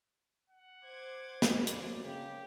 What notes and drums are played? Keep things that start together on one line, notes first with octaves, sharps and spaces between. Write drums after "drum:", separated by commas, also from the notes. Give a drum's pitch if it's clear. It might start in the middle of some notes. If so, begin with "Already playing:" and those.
F#5
C5 D6 G#6
drum: snare
F#2 D5, drum: hi-hat
C#3 G4